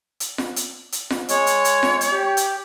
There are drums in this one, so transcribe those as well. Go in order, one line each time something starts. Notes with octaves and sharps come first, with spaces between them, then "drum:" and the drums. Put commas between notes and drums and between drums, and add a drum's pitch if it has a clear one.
drum: hi-hat
drum: snare F4
drum: hi-hat
drum: hi-hat
drum: snare F4
G#3 C#5, drum: hi-hat
drum: hi-hat
drum: hi-hat
drum: snare F4
drum: hi-hat
G4
drum: hi-hat